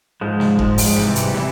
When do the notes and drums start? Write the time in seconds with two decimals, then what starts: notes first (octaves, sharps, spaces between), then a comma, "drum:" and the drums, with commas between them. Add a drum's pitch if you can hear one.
0.21 G#2 F3 G#3
0.40 drum: snare
0.59 G#2 F3 G#3, drum: kick F1
0.78 drum: open hi-hat
0.96 C3 E3 G3
1.16 drum: hi-hat
1.34 C3 E3, drum: snare